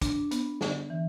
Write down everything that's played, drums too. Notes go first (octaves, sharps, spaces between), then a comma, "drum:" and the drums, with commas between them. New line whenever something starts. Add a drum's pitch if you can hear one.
D4, drum: kick, hi-hat
B3, drum: hi-hat
D3, drum: snare
E3